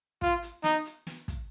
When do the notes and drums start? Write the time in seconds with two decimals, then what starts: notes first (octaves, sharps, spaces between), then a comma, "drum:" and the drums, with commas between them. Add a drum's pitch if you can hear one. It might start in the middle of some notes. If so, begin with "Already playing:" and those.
0.22 F4, drum: kick
0.42 drum: hi-hat
0.64 D#4, drum: snare
0.85 drum: hi-hat
1.07 drum: snare
1.28 drum: kick, hi-hat